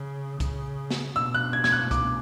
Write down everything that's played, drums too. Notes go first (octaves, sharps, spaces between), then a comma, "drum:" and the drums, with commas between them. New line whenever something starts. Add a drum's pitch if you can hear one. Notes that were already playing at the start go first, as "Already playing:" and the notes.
Already playing: C#3
C#3, drum: kick, hi-hat
drum: snare
B2 E6
F#6
G#6
G#6, drum: snare
F#6
D6, drum: kick, hi-hat